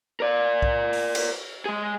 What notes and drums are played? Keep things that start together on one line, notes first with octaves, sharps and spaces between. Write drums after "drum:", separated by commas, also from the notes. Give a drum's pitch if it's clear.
A#4 D5
drum: kick B1
drum: open hi-hat
drum: cymbal
G#3 G#4